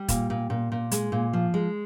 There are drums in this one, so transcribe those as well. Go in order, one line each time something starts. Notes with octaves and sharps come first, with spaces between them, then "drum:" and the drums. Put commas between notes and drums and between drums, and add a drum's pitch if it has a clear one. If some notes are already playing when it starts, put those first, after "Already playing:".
Already playing: G3
A#2, drum: kick, hi-hat
A#2
A#2
A#2
G#3, drum: hi-hat
A#2
F3
G#3